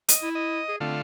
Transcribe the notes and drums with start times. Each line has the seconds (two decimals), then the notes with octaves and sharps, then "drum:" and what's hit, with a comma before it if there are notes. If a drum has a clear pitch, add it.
0.09 D#5, drum: hi-hat
0.22 E4
0.35 D#5
0.69 G#4
0.80 D3 A3 C4 F4